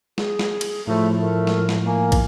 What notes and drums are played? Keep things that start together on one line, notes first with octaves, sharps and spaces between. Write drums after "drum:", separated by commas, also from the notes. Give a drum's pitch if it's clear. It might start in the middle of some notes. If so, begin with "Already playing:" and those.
G#4, drum: snare
drum: snare
drum: cymbal
A2 F3 A3 E4
A3 A#4
drum: snare
drum: snare
A#3 G#5
drum: kick, cymbal